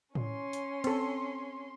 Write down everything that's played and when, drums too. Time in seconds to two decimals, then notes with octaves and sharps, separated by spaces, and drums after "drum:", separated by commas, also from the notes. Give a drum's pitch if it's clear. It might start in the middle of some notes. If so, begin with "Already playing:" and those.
0.15 C#4 C6, drum: tom A2
0.53 drum: hi-hat
0.84 C4 A4, drum: cymbal